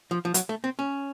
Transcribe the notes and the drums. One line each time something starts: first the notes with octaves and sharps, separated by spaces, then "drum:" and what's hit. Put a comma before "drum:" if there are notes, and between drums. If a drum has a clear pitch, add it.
F3
F3
F#3, drum: hi-hat
A3
C4
C#4